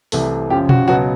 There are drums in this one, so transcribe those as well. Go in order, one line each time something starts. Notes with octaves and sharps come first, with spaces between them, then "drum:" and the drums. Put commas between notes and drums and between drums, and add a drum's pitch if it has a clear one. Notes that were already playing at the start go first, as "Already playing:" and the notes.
C2 C3 E3 A3, drum: open hi-hat
F#2 C#3 F3 G4
F#4, drum: tom B2
C#2 B2 F#3 B3 F#4